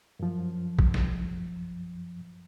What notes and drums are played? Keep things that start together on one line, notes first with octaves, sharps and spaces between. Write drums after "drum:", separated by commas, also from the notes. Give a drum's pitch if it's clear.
F#2 F3
drum: kick
drum: snare